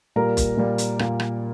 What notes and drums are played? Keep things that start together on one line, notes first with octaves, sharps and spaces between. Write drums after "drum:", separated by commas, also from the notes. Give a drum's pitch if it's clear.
A#2 G3 A#3 A#4 A#5
drum: kick B1, hi-hat
A#2 G3 A#3
drum: hi-hat
A#2 G3 A#3, drum: rim click
drum: rim click